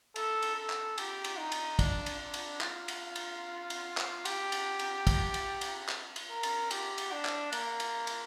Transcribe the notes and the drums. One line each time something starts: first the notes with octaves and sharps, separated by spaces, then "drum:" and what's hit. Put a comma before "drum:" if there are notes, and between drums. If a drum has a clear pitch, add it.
A4, drum: cymbal
drum: cymbal
A4
drum: clap
G4, drum: cymbal
drum: cymbal
D#4
drum: cymbal
D4, drum: kick, cymbal
drum: cymbal
D4
drum: cymbal
F4, drum: clap
drum: cymbal
drum: cymbal
drum: cymbal
drum: clap
G4, drum: cymbal
drum: cymbal
drum: cymbal
drum: kick, cymbal
drum: cymbal
drum: cymbal
drum: clap
drum: cymbal
A#4
drum: cymbal
G4, drum: cymbal
drum: cymbal
D4
drum: clap
A#3, drum: cymbal
drum: cymbal
drum: cymbal